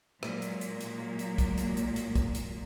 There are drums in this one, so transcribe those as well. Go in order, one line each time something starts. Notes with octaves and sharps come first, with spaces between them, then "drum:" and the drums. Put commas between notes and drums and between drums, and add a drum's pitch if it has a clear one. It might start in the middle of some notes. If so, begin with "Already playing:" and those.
A#2 F#3 G#3 A#3, drum: rim click
drum: hi-hat
drum: hi-hat
drum: hi-hat
drum: hi-hat
drum: kick, hi-hat
drum: hi-hat
drum: hi-hat
drum: hi-hat
drum: kick, hi-hat
drum: hi-hat